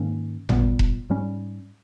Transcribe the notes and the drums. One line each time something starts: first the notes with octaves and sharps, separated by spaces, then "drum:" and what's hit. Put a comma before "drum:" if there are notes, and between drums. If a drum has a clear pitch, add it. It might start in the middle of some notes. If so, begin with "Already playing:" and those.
Already playing: G#2 D#3 A#3 C#4
A#2 G3 B3, drum: tom G#1
drum: kick E1
G#2 G3 C#4